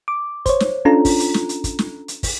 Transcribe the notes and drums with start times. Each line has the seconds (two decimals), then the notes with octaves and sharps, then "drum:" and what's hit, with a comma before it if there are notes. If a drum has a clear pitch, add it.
0.08 D6
0.46 C5 C#5, drum: kick, hi-hat
0.60 drum: snare
0.85 C#4 D4 F4 A4 A#5
1.05 drum: kick, open hi-hat
1.20 drum: hi-hat
1.34 drum: snare
1.49 drum: hi-hat
1.64 drum: kick, hi-hat
1.79 drum: snare
2.08 drum: hi-hat
2.23 drum: kick, open hi-hat